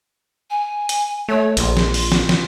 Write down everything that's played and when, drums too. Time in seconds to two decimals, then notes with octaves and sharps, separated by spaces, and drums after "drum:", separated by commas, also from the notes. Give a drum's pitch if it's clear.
0.50 G#5
0.89 drum: hi-hat
1.28 A3 C#5
1.57 A#1 F4, drum: hi-hat
1.77 drum: snare
1.94 F4, drum: open hi-hat
2.12 drum: snare
2.29 drum: snare